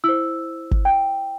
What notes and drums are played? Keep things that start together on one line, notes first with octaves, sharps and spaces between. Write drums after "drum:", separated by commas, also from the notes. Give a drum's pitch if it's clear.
E4 C5 E6
drum: kick G1
G5